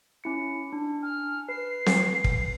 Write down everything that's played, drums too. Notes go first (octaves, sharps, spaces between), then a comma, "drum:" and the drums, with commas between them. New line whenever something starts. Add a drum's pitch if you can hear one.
C#4 E4 C#7
D4
G#5 F6
B4 C7
drum: snare C4
drum: kick